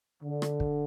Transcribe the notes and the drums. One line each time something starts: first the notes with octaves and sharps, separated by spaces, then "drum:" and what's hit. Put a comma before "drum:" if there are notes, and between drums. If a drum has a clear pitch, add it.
D3
drum: rim click
drum: kick